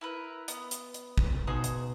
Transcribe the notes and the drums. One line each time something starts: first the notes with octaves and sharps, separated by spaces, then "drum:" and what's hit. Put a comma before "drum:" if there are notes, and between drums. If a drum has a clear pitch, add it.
E4 A#4 B4
B3, drum: hi-hat
drum: hi-hat
drum: hi-hat
drum: kick
B2 D#4 G#4 C5
drum: hi-hat